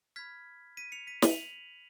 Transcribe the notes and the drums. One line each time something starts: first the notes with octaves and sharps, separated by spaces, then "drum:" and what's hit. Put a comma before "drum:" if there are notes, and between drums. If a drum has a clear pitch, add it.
B5 F6 G#6 B6
B6 D#7
C#7 F7
B6 D#7
D#7 F#7, drum: snare
F7